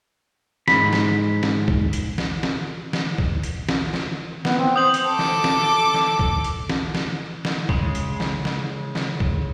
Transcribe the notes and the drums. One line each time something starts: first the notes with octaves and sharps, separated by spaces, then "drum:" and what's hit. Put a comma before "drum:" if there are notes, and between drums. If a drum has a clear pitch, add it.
G#2 B5, drum: snare
drum: snare
drum: snare
drum: kick B1
drum: hi-hat
drum: snare
drum: snare
drum: snare
drum: kick B1
drum: hi-hat
drum: snare
drum: snare
B3, drum: snare
C4
C5 D#6 G6 F#7
drum: hi-hat
A4 D6
drum: snare
drum: snare
drum: snare
drum: kick B1
drum: hi-hat
drum: snare
drum: snare
drum: snare
C#3 G#3, drum: kick B1
drum: hi-hat
drum: snare
drum: snare
drum: snare
drum: kick B1